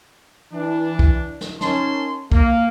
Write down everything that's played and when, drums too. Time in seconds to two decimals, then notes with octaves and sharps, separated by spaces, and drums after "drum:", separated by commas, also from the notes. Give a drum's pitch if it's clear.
0.52 E3 D4
0.99 drum: kick
1.41 drum: snare
1.61 C#4 D#4 A#4 A5 C6, drum: snare
2.32 A#3, drum: kick